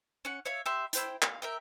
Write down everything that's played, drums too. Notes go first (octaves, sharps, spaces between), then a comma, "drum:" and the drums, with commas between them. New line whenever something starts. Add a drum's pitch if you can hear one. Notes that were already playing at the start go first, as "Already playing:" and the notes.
C#4 F#5
C#5 E5 F5
G4 E5 C6
E4 C5 G5, drum: hi-hat
F5, drum: clap
A#4 E5 G5